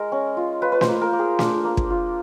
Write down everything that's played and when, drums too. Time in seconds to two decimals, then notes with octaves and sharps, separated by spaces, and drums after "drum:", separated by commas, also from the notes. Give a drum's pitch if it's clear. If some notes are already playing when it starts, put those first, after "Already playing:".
Already playing: G#3 A#4
0.12 C#4
0.37 F4
0.62 F4 B4
0.72 B4
0.81 C5, drum: snare
0.88 A#3
1.01 A#4
1.13 A#3
1.19 G#4
1.39 D4, drum: snare
1.65 A#3
1.77 drum: kick
1.90 F4